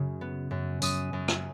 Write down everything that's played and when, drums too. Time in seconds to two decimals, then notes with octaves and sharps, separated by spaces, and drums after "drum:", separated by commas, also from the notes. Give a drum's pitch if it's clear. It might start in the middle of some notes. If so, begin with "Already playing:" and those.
Already playing: F#2 C#3
0.21 B3
0.51 F#2
0.82 F#2 D#6, drum: tambourine
1.13 F#2
1.28 drum: rim click